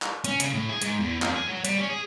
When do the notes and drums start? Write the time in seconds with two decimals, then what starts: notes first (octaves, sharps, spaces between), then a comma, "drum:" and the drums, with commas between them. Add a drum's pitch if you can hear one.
0.02 drum: clap
0.24 C#4, drum: hi-hat
0.40 C#3, drum: hi-hat
0.53 A2
0.69 G#4
0.82 G#2, drum: hi-hat
0.99 E2
1.22 F2, drum: clap
1.36 G#4
1.48 F#3
1.65 G3, drum: hi-hat
1.78 C#4
1.90 G#4